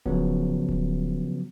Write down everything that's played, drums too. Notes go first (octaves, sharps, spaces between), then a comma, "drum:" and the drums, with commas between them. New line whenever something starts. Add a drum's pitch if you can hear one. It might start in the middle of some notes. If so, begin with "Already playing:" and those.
C#3 F3 F#3 B3, drum: kick D1
drum: kick D1